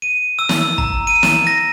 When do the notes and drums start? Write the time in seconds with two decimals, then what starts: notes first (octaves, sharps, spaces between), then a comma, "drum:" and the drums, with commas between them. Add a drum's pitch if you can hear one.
0.02 D#7
0.39 E6
0.49 drum: snare
0.61 E6
0.78 A#5, drum: kick
1.07 D#7
1.23 E7, drum: snare
1.47 A#6